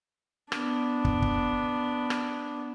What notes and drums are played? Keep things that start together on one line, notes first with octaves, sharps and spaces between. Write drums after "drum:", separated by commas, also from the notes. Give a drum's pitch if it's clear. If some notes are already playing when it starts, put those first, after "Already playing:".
B3 D4, drum: rim click
drum: kick
drum: kick
drum: rim click